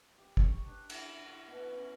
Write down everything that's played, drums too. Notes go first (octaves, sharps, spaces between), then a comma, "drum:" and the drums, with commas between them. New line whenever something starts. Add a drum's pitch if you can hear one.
G4
C#6, drum: kick
D4
E4, drum: cymbal
F#4
B2
C#4